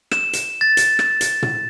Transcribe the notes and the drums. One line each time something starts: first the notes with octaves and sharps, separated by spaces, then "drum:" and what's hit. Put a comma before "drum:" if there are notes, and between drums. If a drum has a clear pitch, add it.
E7, drum: rim click
drum: hi-hat
A6
drum: hi-hat
drum: rim click
drum: hi-hat
drum: tom